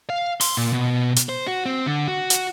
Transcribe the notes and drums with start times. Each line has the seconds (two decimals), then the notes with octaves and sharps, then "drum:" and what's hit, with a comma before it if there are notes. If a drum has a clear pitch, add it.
0.10 F5
0.41 C6, drum: open hi-hat
0.57 A#2
0.73 B2
1.16 drum: hi-hat
1.29 C5
1.47 F#4
1.66 C4
1.86 D3
2.08 F#4
2.30 drum: hi-hat